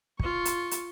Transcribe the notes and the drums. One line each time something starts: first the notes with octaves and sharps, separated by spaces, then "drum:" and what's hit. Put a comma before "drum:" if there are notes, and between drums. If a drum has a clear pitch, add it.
F4 C#6, drum: kick
drum: hi-hat
drum: hi-hat